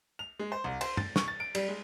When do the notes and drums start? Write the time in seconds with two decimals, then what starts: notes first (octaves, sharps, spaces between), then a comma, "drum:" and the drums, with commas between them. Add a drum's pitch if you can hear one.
0.19 F7
0.39 G#3
0.52 C5
0.64 C2
0.81 C5, drum: cymbal
0.97 A6, drum: tom G2
1.16 C#6, drum: snare
1.28 A6
1.40 D7
1.55 G3, drum: cymbal
1.68 G#3